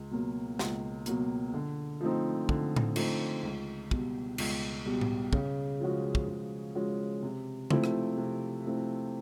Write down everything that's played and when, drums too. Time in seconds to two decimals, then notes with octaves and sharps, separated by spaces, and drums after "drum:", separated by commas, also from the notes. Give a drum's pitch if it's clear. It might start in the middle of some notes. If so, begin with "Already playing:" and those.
Already playing: C#2
0.11 B2 F#3 A#3
0.59 C#2, drum: snare
1.06 B2 F#3 A#3, drum: hi-hat
1.54 D3
2.01 F3 A3 C4 D#4
2.49 D3, drum: kick
2.76 drum: tom A2
2.96 F3 A3 C4 D#4, drum: cymbal
3.43 C#2
3.91 B2 G3, drum: kick
4.38 C#2, drum: cymbal
4.85 B2 G3
5.01 drum: tom A2
5.33 C#3, drum: kick
5.80 F3 G#3 C#4 F#4
6.15 drum: kick
6.28 C#3
6.75 F3 G#3 C#4 F#4
7.22 C3
7.71 F3 A3 C4 E4, drum: tom C#3
7.84 drum: rim click
8.17 C3
8.65 F3 A3 C4 E4